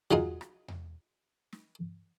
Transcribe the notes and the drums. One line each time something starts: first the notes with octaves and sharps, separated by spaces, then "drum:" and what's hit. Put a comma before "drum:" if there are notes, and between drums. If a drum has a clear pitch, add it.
F#3 D#4 F4 G#4, drum: tom E2
drum: rim click
drum: tom E2
drum: snare